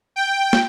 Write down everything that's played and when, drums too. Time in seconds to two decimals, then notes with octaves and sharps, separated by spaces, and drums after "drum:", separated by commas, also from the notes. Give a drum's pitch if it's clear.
0.16 G5
0.53 drum: snare